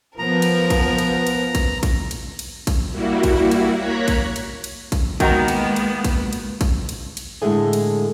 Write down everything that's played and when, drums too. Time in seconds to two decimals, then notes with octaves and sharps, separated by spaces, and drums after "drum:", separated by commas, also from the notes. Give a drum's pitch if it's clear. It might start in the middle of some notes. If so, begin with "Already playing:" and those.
0.18 F3 B3 A#4 B4 A#5
0.42 drum: cymbal
0.70 drum: kick, cymbal
0.98 drum: cymbal
1.27 drum: cymbal
1.55 drum: kick, cymbal
1.83 drum: kick, cymbal
2.11 drum: cymbal
2.39 drum: cymbal
2.67 drum: kick, cymbal
2.92 G3 A#3 E4 F#4
3.23 drum: kick, cymbal
3.51 drum: cymbal
3.75 A#3 C#5 A#5 F#6 G#6 B6
4.08 drum: kick, cymbal
4.36 drum: cymbal
4.64 drum: cymbal
4.92 drum: kick, cymbal
5.20 D#3 G#3 A#3 B3 F#4 A#5, drum: kick, cymbal
5.48 drum: cymbal
5.76 drum: cymbal
6.04 drum: kick, cymbal
6.33 drum: cymbal
6.61 drum: kick, cymbal
6.89 drum: cymbal
7.17 drum: cymbal
7.42 A2 D3 G#3 A3 G#5
7.73 drum: cymbal